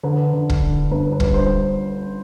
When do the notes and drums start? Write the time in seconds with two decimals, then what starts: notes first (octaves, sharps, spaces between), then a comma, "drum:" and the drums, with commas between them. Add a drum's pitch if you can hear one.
0.03 D3 B4
0.33 D3
0.49 drum: kick
0.62 D3
0.91 G1 B4
1.12 B4
1.20 G2, drum: kick
1.34 C5